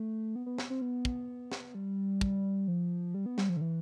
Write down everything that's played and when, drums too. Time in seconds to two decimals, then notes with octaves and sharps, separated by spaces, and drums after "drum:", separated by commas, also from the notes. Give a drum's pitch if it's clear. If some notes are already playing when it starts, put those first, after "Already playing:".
Already playing: A3
0.36 B3
0.46 B3
0.58 drum: snare
0.70 C4
0.82 B3
1.05 drum: kick
1.52 drum: snare
1.75 G3
2.21 drum: kick
2.68 F3
3.14 G3
3.26 B3
3.38 G3, drum: snare
3.49 F3
3.57 D3
3.61 E3